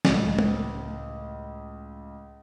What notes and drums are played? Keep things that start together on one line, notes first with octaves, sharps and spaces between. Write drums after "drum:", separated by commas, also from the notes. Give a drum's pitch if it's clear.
C#2 A2, drum: snare
drum: tom